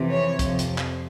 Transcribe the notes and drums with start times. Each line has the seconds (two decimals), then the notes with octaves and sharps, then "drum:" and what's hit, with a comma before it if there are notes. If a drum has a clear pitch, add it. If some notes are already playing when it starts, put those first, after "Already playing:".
Already playing: F2 C3 E3
0.11 C#5
0.39 F2 C3 F3, drum: kick, hi-hat
0.59 drum: hi-hat
0.78 drum: clap